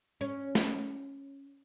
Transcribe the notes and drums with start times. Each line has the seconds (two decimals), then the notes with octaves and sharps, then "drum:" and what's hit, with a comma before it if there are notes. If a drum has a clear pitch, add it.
0.21 C#4
0.55 drum: snare